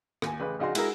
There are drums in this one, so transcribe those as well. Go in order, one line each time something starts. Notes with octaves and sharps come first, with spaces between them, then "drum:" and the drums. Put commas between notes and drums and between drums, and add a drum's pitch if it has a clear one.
D#2 G#5, drum: rim click
A1 C#3 B4
A#1 C#3 D#4 F#4 C6
G#3 E4 F#4 G#4 A#4, drum: cymbal